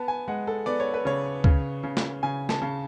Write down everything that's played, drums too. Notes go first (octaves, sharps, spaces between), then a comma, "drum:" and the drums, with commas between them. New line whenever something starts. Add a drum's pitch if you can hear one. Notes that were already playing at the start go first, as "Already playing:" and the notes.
Already playing: B3 A5
G#5
G#3 F#5
A4
B3 D5
C#5
B4
C#3 C#5
C#3, drum: kick
C#3
drum: snare
C#3 G#5
A5, drum: snare
C#3